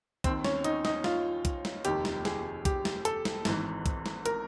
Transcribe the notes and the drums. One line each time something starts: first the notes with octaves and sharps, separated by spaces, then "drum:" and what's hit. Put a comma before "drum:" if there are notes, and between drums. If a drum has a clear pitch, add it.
D#2 D#3 C4, drum: kick B1, hi-hat
C#4, drum: snare
D#4, drum: hi-hat
D#4, drum: snare
F4, drum: snare
drum: kick B1, hi-hat
drum: snare
F1 D#2 D#3 G4, drum: hi-hat
drum: snare
G#4, drum: snare
G4, drum: kick B1, hi-hat
drum: snare
A4, drum: hi-hat
drum: snare
G#1 G#2 E3, drum: snare
drum: kick B1, hi-hat
drum: snare
A#4, drum: hi-hat